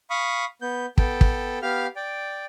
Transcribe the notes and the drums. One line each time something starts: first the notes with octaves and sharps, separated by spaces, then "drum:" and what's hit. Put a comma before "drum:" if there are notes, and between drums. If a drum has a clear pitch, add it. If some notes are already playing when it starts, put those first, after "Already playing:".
F5 B5 C#6 D#6
B3 G6
B3 A4 G5, drum: kick
drum: kick
B3 G4 F5 F6
D5 G5